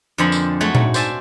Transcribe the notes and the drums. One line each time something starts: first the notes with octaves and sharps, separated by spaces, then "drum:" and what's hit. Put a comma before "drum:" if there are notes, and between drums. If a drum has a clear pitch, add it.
F2 D3 A#3 C5 G#5 B5
drum: tambourine
F#3 G#3 A3 F#4 C#5
G#2, drum: tom A#2
C5 D5 E5 G#5 A5, drum: tambourine